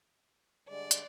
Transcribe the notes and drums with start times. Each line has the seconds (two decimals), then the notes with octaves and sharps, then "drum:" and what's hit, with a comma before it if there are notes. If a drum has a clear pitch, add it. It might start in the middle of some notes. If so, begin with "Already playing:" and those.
0.68 D3 G3 G#3 D5
0.91 drum: hi-hat